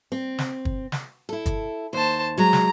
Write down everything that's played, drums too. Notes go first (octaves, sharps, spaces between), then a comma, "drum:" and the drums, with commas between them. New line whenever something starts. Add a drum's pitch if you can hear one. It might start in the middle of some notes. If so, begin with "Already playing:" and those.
C4
drum: snare
drum: kick
drum: snare
E4 A4
drum: kick, hi-hat
D#2 C5 A5
F#3 G#3 A#5
drum: snare